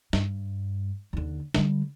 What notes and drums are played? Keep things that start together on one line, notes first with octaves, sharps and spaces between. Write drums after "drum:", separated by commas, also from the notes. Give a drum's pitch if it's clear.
G2, drum: snare
D#2 D3
D3 G3, drum: snare